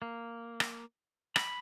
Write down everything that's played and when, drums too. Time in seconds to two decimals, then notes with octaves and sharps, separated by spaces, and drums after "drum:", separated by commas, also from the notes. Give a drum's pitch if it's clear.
0.02 A#3
0.60 drum: rim click
1.36 B5, drum: rim click